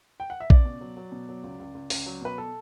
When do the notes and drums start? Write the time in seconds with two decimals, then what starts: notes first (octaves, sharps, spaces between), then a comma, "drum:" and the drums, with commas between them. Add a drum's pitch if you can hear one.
0.20 G5
0.30 F#5
0.40 E5
0.50 C#2 D5, drum: kick
0.65 B2
0.81 F#3
0.97 F#3
1.12 B2
1.29 F#3
1.43 C#2
1.60 C#2
1.75 C#2
1.90 C#2, drum: open hi-hat
2.06 F#3
2.21 B2 B4
2.38 A4